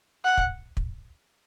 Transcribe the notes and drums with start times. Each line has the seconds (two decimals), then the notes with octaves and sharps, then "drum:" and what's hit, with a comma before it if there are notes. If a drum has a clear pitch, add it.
0.25 F#5
0.37 drum: kick
0.77 drum: kick